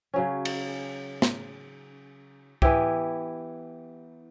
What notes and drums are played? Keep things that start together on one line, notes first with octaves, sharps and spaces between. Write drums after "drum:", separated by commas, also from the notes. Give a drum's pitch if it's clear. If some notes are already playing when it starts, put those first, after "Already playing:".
C#3 F#3 C#4
drum: cymbal
drum: snare
E3 B3 E4 G4, drum: kick